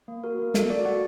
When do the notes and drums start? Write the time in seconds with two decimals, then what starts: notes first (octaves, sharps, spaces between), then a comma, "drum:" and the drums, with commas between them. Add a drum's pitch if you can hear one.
0.08 A#3
0.24 F#4 A#4
0.39 A#3
0.54 A4, drum: snare
0.70 F#4 D5
0.85 F#4 F#5